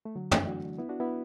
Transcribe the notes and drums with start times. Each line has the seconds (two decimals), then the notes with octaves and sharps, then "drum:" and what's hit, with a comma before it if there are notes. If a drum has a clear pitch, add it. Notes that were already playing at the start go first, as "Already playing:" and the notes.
0.05 A3
0.16 D3 F#3
0.31 E3 A3, drum: tom
0.47 D4 F#4
0.78 B3 E4
0.89 D4 F#4
1.00 B3 E4